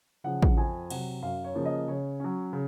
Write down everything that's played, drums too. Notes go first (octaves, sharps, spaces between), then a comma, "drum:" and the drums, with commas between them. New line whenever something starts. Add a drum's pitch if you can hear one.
C#3 F3 F#5
drum: kick
F2 G#5
C3 F#3 F#5, drum: cymbal
F#2 F5
C#5
C#3 F3 A#3
D#5
C#3 C#5
F#3 C#4
C#3